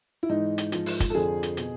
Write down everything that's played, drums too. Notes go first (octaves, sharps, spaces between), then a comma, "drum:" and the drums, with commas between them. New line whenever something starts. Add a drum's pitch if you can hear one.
E4
G#2 E3 D#4
drum: hi-hat
G#2 F3, drum: hi-hat
drum: open hi-hat
drum: kick, hi-hat
A4
F2 D3 F3 G#4
drum: hi-hat
B2, drum: hi-hat